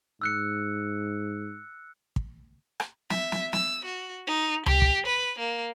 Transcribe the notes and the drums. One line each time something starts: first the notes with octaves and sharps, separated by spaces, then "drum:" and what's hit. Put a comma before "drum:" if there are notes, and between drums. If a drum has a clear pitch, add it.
G#2 E6 F#6 C#7
drum: kick
drum: rim click
E5, drum: snare
drum: snare
E6, drum: snare
F#4
D#4
G4, drum: tom C#2
drum: kick
B4
A#3